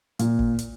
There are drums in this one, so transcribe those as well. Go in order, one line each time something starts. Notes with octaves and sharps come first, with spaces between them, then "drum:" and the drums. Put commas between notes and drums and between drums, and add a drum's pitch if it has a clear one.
A#2, drum: hi-hat
drum: kick
drum: hi-hat